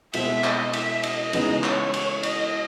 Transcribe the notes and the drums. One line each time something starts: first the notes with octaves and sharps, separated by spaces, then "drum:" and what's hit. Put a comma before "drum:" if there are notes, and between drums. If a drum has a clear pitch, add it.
B2 G#3 C4 E5, drum: cymbal
D#5, drum: clap
E5, drum: cymbal
D#5, drum: cymbal
C#3 E3 G#3 B3 D#4, drum: cymbal
C#5, drum: clap
drum: cymbal
D#5, drum: cymbal